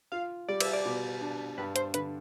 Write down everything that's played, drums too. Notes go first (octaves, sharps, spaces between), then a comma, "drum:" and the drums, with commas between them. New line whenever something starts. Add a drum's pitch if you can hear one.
F4 F5
G3 D5
E5, drum: cymbal
D5
B2
D4
G2 B4
C5, drum: hi-hat
D3 B4, drum: hi-hat